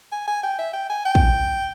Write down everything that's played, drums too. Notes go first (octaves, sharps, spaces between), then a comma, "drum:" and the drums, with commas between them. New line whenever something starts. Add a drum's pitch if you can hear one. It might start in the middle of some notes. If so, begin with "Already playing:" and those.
G#5
G#5
G5
E5
G5
G#5
G5
drum: kick